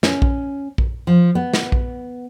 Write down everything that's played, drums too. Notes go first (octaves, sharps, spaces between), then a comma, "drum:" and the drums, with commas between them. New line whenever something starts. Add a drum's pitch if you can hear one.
C#4, drum: snare
drum: kick A#1
drum: kick A#1
F3
B3
drum: snare
drum: kick A#1